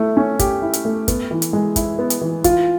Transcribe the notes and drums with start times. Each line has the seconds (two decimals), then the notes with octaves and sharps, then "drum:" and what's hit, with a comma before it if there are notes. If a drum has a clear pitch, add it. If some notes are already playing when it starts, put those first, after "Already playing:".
Already playing: A3 E4
0.17 C#4
0.39 G4, drum: kick, hi-hat
0.62 E4
0.73 drum: hi-hat
0.85 A3
1.08 B3, drum: kick, hi-hat
1.31 E3
1.42 drum: hi-hat
1.53 G#3
1.76 E4, drum: kick, hi-hat
1.99 B3
2.10 drum: hi-hat
2.21 E3
2.44 F4, drum: kick, hi-hat